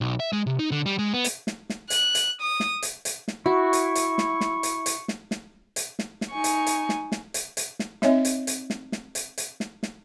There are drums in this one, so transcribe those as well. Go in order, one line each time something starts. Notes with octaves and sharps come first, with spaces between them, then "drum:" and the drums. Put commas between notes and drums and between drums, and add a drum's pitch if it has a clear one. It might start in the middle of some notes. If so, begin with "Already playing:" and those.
B1
E5
G#3
C3
D#4
D3
G3
G#3
B3
drum: hi-hat
drum: snare
drum: snare
F#6, drum: hi-hat
drum: hi-hat
D#6
drum: snare
drum: hi-hat
drum: hi-hat
drum: snare
E4 F#4 C#6
drum: hi-hat
drum: hi-hat
drum: snare
drum: snare
drum: hi-hat
drum: hi-hat
drum: snare
drum: snare
drum: hi-hat
drum: snare
drum: snare
D#4 G#5 C#6
drum: hi-hat
drum: hi-hat
drum: snare
drum: snare
drum: hi-hat
drum: hi-hat
drum: snare
C4 D#4 C#5 D#5 E5, drum: snare
drum: hi-hat
drum: hi-hat
drum: snare
drum: snare
drum: hi-hat
drum: hi-hat
drum: snare
drum: snare